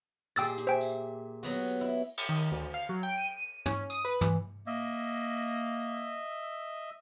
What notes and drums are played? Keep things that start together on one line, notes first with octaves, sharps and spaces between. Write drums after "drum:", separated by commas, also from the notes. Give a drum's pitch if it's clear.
A#2 G4 G#4 G5 E6 A6, drum: tambourine
drum: hi-hat
C5 E5 G5 G#5
drum: tambourine
F#3 B3 F#4, drum: open hi-hat
E4
drum: cymbal
D#3
D2
F5
F#3
G5
D#7
C#4, drum: tom
D#6, drum: tambourine
B4
E3, drum: tom
A#3 D#5 E5